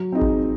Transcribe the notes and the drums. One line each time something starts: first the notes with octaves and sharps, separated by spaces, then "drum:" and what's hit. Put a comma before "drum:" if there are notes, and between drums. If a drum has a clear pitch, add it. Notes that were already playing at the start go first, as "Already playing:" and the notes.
Already playing: F#3
C4 D#4 G#4
drum: kick G#1